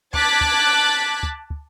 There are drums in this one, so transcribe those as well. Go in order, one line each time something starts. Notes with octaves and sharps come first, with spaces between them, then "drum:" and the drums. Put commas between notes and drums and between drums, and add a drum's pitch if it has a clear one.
A5 D6 F#6 G#6 A6 B6, drum: kick
drum: kick
drum: kick
drum: kick